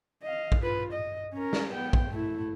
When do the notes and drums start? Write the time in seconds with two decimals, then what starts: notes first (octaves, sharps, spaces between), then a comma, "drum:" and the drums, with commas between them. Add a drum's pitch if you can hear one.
0.23 D#5 F5
0.52 drum: kick A#1
0.63 F4 B4
0.93 D#5
1.34 C#4 A#4
1.53 drum: snare
1.73 B3 G5
1.93 drum: kick A#1
2.09 A3 E4